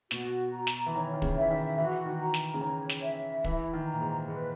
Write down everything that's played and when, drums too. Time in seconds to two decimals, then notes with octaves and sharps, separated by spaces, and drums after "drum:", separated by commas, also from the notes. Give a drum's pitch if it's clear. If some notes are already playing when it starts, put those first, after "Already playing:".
0.11 B2 F#4, drum: snare
0.53 A#5
0.67 drum: snare
0.86 E3
0.95 D#3 C#5
1.13 D#3
1.22 C#3, drum: kick
1.36 E3 E5
1.51 D#3
1.78 E3 F#4
2.05 D#3
2.20 A#5
2.34 drum: snare
2.54 C#3
2.61 D#3 C#5
2.89 drum: snare
3.03 E5
3.44 E3 E4, drum: kick
3.73 D#3
3.87 A#5
3.93 A#2
4.01 G#2
4.28 G#2 B4